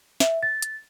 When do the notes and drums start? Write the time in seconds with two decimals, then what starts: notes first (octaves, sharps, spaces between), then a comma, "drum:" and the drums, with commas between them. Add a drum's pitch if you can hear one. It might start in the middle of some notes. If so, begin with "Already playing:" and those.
0.20 E5, drum: snare
0.43 A6
0.62 drum: hi-hat